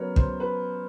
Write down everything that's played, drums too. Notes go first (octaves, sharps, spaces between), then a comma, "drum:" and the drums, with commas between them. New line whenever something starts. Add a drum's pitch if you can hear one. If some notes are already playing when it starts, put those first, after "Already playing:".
Already playing: C#3 F#3 B3 A#4 B4 C#5
C5, drum: kick
B4